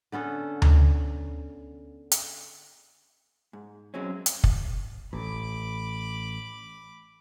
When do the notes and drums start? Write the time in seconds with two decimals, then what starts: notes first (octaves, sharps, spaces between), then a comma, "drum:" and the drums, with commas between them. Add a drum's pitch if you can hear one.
0.12 D3 B3 C#4 A4
0.62 drum: tom D2
2.12 drum: hi-hat
3.53 G#2
3.94 F#3 G#3 C4 C#4
4.26 drum: hi-hat
4.44 drum: kick
5.13 A1 B5 D6